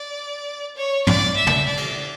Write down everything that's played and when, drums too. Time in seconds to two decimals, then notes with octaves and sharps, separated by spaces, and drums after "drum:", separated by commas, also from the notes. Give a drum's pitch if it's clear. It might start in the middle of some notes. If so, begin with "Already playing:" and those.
Already playing: D5
0.77 C#5
1.07 D5, drum: tom
1.37 E5
1.47 drum: tom
1.67 D5
1.77 drum: cymbal